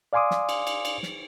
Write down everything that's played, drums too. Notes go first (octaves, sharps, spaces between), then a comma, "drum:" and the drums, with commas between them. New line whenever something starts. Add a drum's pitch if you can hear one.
D5 F5 G#5 C6 D6 D#6
drum: snare
drum: cymbal
drum: cymbal
drum: cymbal
drum: snare